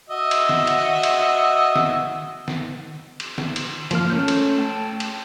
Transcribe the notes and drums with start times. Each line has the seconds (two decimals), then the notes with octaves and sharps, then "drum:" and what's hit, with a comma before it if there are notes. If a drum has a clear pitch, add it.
0.09 F#4 D#5 E5
0.31 drum: cymbal
0.49 drum: snare
0.67 drum: cymbal
1.03 drum: cymbal
1.76 drum: snare
2.48 drum: snare
3.20 drum: cymbal
3.38 drum: snare
3.56 drum: cymbal
3.91 F3 A#3 F6, drum: cymbal
4.10 A3 C#4 G6
4.28 drum: cymbal
4.59 G5 A5
5.00 drum: cymbal